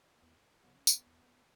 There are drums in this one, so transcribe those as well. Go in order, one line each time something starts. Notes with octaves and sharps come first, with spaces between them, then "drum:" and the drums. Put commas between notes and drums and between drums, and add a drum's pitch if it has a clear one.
A#3
E2 B3
C#3 F#3 B3
C#4
B3, drum: tambourine
E2